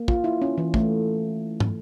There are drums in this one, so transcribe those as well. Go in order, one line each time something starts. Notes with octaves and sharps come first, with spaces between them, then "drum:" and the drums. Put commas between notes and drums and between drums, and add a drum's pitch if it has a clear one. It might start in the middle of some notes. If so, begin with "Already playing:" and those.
Already playing: A#3
F4, drum: kick
E4
C#4
E3
A3, drum: kick
drum: tom